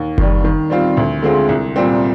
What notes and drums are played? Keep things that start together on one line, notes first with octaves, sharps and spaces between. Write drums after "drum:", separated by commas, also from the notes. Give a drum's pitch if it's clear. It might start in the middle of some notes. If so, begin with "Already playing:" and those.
Already playing: D#2
D#3 G3, drum: kick F#1
D#3
G3 C4 F4
D2
D3 G#3 C4 F4
C2
A#2 G3 C4